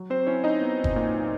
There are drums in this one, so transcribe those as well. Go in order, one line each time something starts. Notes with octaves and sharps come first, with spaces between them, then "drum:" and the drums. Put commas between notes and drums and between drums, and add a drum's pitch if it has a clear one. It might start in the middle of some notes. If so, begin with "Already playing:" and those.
Already playing: F#3
C4 C5
C#4 E4 C#5
D#4 D#5
B3
drum: kick F#1
A#2